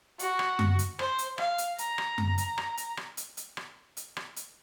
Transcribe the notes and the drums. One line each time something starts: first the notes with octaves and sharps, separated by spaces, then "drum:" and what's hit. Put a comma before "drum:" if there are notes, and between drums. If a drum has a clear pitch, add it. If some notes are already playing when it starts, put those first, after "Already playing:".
F#4, drum: hi-hat
drum: rim click
drum: tom F#2
drum: hi-hat
C5, drum: rim click
drum: hi-hat
F5, drum: rim click
drum: hi-hat
A#5, drum: hi-hat
drum: rim click
drum: tom F#2
drum: hi-hat
drum: rim click
drum: hi-hat
drum: rim click
drum: hi-hat
drum: hi-hat
drum: rim click
drum: hi-hat
drum: rim click
drum: hi-hat